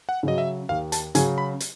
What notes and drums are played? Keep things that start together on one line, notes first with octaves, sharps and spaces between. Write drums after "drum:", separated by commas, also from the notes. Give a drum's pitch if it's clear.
F#5
C#3 F#3 D#5
E5
D#2 F5
A5, drum: hi-hat
C#3 F#3 G#5, drum: hi-hat
B5
drum: hi-hat